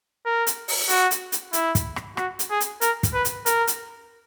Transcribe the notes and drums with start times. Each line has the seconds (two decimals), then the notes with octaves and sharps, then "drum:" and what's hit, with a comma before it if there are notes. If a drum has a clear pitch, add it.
0.26 A#4
0.47 drum: hi-hat
0.68 drum: open hi-hat
0.89 F#4, drum: hi-hat
1.11 drum: hi-hat
1.32 drum: hi-hat
1.53 E4, drum: hi-hat
1.75 drum: kick, hi-hat
1.96 drum: rim click
2.17 F#4, drum: rim click
2.39 drum: hi-hat
2.50 G#4
2.60 drum: hi-hat
2.81 A#4, drum: hi-hat
3.03 drum: kick, hi-hat
3.14 B4
3.25 drum: hi-hat
3.46 A#4, drum: hi-hat
3.67 drum: hi-hat